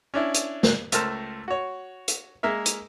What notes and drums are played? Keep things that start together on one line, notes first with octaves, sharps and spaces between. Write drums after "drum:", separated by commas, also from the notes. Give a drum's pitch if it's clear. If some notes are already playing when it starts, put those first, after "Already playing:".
C#4 D4 E4
drum: hi-hat
drum: snare
C#2 A3 A#4 C5 A5 F6, drum: hi-hat
F#4 C#5
drum: hi-hat
G#3 A#3 A#4 E5
drum: hi-hat